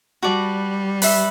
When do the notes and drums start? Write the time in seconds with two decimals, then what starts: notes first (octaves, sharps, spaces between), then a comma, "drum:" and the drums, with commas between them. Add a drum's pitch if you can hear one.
0.23 G3 F#4 B4 D5 A5
1.02 B4 E5 B5, drum: open hi-hat